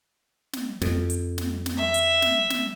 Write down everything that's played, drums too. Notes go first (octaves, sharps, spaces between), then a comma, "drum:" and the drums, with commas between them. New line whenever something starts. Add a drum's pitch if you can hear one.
drum: snare
F2, drum: snare
drum: hi-hat
drum: snare
drum: snare
E5
drum: hi-hat
drum: snare
drum: snare